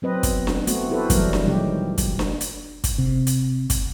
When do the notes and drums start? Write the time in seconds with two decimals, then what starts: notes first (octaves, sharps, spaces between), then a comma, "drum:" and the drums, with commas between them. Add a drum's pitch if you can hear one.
0.02 F#3 C4 B4 D#5
0.23 B3, drum: kick, hi-hat
0.47 drum: snare D4
0.67 A3 B3 C4 F#4, drum: hi-hat
0.90 E4 F#4 G4 A4 B4 C5
1.10 E3 F#3 G3 A3 A#4, drum: kick, hi-hat
1.33 drum: snare D4
1.46 A#2 D#3 F#3 G#3 A3 G4
1.98 drum: kick, hi-hat
2.19 drum: snare D4
2.41 drum: hi-hat
2.84 drum: kick, hi-hat
2.98 C3
3.27 drum: hi-hat
3.70 drum: kick, hi-hat